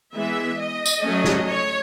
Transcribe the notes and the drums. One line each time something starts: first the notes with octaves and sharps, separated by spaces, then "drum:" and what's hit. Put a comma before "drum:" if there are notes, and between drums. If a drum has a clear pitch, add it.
E3 G#3 B3 E5
D#5
drum: tambourine
F#3 A3 C#4
drum: snare
C#5